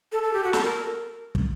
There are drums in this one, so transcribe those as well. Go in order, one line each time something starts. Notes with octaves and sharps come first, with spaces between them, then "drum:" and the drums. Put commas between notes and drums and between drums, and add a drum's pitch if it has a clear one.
A4
A4
G4
F#4
A4, drum: snare
A#4
drum: kick